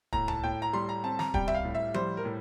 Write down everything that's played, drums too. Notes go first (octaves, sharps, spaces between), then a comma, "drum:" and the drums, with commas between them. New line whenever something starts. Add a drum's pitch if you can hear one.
A2 A#5, drum: kick
A5, drum: tom C#2
A2 G5
A#5
G3 C6
A#5
C4 A5
A#5, drum: snare
G3 G5, drum: kick
E5, drum: tom C#2
F5
A2
E5
G3 C5, drum: tom F3
A#4
A2